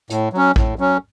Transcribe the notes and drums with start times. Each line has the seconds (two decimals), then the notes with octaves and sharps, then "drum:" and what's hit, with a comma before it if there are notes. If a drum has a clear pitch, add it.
0.10 A2, drum: hi-hat
0.33 F#3 C#4
0.56 A2, drum: kick A1
0.79 F#3 C#4